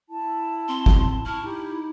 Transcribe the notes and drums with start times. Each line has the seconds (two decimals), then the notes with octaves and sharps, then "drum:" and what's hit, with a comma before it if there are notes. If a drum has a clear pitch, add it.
0.10 E4 A5
0.68 C4 C6
0.86 drum: kick
1.25 E4 A5 C#6 F6
1.43 D#4 G4